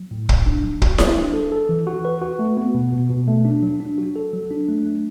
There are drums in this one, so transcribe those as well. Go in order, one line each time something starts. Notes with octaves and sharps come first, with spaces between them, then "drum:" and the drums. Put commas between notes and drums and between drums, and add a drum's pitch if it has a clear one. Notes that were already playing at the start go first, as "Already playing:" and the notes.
Already playing: F#3
A2
A2, drum: kick
D4
F#3
F#4, drum: kick
F#3, drum: snare E4
D4
A4
A4
E3
F#4
B4
F#4
A3
B3
B2
B2
B2
A3
D4
F#3
D4
F#4
A4
F#3
D4
A3
A3